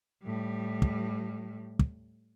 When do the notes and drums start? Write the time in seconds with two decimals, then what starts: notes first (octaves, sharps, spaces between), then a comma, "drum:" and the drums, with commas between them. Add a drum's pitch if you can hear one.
0.23 A2 G3
0.82 drum: kick
1.79 drum: kick